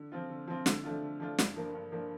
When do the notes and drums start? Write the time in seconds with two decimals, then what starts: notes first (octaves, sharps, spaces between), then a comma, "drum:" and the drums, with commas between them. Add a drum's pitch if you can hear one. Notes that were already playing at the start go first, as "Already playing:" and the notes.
Already playing: D3
0.12 F3 C4 F4
0.29 D3
0.48 F3 C4 F4
0.66 D3, drum: snare
0.83 F3 A3 D4 F4
1.02 D3
1.20 F3 A3 D4 F4
1.38 G2, drum: snare
1.56 F3 A#3 D4
1.75 G2
1.92 F3 A#3 D4